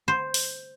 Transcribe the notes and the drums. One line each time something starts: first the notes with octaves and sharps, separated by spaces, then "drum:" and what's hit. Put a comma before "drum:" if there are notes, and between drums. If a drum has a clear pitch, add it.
C5
drum: open hi-hat